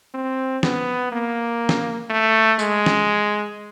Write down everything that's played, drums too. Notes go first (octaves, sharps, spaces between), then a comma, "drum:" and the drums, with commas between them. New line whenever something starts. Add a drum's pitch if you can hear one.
C4
B3, drum: snare
A#3
drum: snare
A3
G#3, drum: tambourine
drum: snare